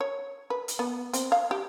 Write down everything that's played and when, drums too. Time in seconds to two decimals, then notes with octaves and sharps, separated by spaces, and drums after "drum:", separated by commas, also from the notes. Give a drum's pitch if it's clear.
0.01 C#5
0.50 B4
0.68 drum: hi-hat
0.79 B3
1.13 C4, drum: hi-hat
1.32 F5
1.51 G4